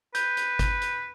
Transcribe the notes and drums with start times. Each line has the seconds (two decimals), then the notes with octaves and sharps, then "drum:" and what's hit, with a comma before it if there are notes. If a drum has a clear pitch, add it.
0.15 B4 G6, drum: hi-hat
0.37 drum: hi-hat
0.59 drum: kick, hi-hat
0.82 drum: hi-hat